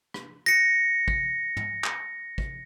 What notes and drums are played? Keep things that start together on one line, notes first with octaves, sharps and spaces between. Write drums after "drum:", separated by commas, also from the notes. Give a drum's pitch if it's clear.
drum: rim click
A#6 C#7
drum: kick
drum: tom
drum: clap
drum: kick